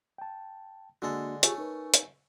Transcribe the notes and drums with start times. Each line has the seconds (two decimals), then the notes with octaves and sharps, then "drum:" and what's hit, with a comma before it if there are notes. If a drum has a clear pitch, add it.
0.18 G5 A5
1.02 D3 G#3 A#3 D4 F#4 A4
1.43 A3 C#4 F4 G4 G#4, drum: hi-hat
1.58 D#4 A#4 B4
1.94 drum: hi-hat